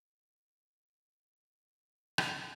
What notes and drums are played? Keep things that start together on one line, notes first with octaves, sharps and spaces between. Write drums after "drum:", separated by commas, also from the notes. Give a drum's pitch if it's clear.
E4 G4 D5 D#5
drum: rim click